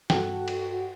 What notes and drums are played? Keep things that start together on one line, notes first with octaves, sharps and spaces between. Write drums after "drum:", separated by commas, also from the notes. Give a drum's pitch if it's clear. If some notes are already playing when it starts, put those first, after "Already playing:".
G2 F#4 A4 F#5 G5, drum: snare
drum: cymbal